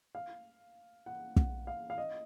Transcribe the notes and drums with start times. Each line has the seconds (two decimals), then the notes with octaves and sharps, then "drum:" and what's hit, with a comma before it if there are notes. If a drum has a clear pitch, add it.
0.15 F5
1.06 F#5
1.36 F#5, drum: kick
1.67 F5
1.90 F5
1.98 D#5